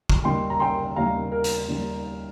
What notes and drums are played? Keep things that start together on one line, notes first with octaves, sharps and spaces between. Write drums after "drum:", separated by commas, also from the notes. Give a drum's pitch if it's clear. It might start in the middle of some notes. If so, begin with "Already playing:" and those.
drum: kick
D#2 D#3 G3 G5 C6
A#5
G5 C6
D#2 D#3 G3 F5 A#5
A#4
drum: hi-hat
D#2 D#3 G3